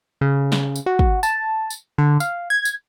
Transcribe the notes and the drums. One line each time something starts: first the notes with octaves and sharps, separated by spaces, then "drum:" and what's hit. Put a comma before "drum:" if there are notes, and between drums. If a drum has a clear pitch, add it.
C#3
drum: snare
drum: tambourine
F#4
drum: kick
A5, drum: tambourine
drum: tambourine
D3
F5, drum: tambourine
G#6
drum: tambourine